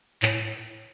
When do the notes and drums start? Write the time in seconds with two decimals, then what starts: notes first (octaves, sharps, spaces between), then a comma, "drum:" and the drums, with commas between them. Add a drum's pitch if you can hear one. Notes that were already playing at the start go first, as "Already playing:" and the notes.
0.22 A2, drum: clap